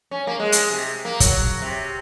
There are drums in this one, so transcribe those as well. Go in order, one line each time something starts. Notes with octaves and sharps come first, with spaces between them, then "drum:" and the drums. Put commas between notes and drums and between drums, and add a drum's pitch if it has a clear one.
C#4
A#3
G#3
drum: hi-hat
C3
A#3
F#3, drum: kick, hi-hat
C3